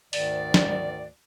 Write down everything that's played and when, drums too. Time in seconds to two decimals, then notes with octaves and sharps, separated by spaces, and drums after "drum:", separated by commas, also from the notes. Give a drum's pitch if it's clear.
0.13 D2 G#2 D#3 D5, drum: open hi-hat
0.54 drum: snare